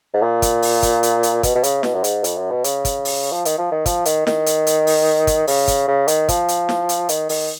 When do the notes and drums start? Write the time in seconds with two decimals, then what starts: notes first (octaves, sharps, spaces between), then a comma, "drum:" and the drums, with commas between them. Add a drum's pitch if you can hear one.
0.14 G#2
0.22 A#2
0.42 drum: kick, hi-hat
0.62 drum: open hi-hat
0.83 drum: kick, hi-hat
1.03 drum: hi-hat
1.23 drum: hi-hat
1.43 B2, drum: kick, hi-hat
1.55 B2
1.63 C#3, drum: hi-hat
1.83 B2, drum: snare
1.94 F#2
2.04 G#2, drum: hi-hat
2.24 F2, drum: hi-hat
2.38 F#2
2.51 B2
2.64 C#3, drum: hi-hat
2.85 drum: kick, hi-hat
3.05 drum: open hi-hat
3.32 F3
3.45 D#3, drum: hi-hat
3.58 F3
3.72 D#3
3.86 F3, drum: kick, hi-hat
4.05 D#3, drum: hi-hat
4.27 D#3, drum: snare
4.46 drum: hi-hat
4.67 drum: hi-hat
4.87 drum: open hi-hat
5.27 drum: kick, hi-hat
5.47 C#3, drum: open hi-hat
5.68 drum: kick, hi-hat
5.88 C#3
6.08 D#3, drum: hi-hat
6.29 F3, drum: kick, hi-hat
6.48 drum: hi-hat
6.69 drum: snare
6.89 drum: hi-hat
7.09 D#3, drum: hi-hat
7.29 D#3, drum: open hi-hat